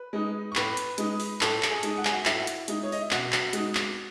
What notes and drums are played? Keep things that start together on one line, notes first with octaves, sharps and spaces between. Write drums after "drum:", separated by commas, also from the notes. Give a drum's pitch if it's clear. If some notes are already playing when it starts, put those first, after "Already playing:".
Already playing: B4
G#3 D#4
C#6
A2 B4 B5, drum: clap
drum: hi-hat
G#3 D#4, drum: hi-hat
drum: open hi-hat
A2 A4 A5, drum: clap
A5, drum: clap
G#4 G#5
G#3 D#4, drum: hi-hat
F#5
G#5, drum: clap
F#4 F#5
A2 E4 E5, drum: clap
drum: hi-hat
G#3 D#4, drum: hi-hat
C#5
D#5, drum: open hi-hat
E5
B2 F#4 F#5, drum: clap
drum: clap
G#3 D#4, drum: hi-hat
drum: clap